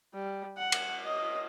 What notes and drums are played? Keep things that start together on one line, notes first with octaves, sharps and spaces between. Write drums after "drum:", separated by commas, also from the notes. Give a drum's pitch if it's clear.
G3
F#5
drum: cymbal
D#5